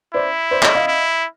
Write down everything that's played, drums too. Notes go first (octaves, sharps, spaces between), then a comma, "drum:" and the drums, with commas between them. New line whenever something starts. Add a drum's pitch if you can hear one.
E4 C5 D5
C5 D5
C#5 D#5, drum: clap
D#5 F5
E4